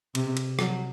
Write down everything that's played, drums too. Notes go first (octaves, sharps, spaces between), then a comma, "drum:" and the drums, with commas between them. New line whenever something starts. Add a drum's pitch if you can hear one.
C3, drum: cymbal
drum: cymbal
F#3, drum: rim click